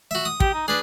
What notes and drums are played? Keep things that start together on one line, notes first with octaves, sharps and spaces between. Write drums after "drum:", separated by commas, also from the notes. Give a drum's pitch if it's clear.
F#4 E5
D#6
G4, drum: kick
D#4
D4 G#4 B4